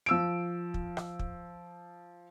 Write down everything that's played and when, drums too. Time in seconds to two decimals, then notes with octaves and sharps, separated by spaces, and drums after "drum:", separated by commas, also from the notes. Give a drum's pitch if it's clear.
0.06 F3 E6 D7
0.74 drum: kick
0.97 drum: rim click
1.19 drum: kick